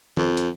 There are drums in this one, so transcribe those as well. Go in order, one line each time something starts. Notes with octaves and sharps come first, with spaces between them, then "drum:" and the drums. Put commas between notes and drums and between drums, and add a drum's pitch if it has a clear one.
F2, drum: tom D#3
drum: hi-hat